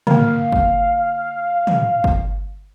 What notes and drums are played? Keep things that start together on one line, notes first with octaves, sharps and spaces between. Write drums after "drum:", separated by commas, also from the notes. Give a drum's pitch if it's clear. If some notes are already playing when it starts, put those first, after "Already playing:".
D3 A#3 F5, drum: tom
drum: kick G1
drum: tom
drum: kick G1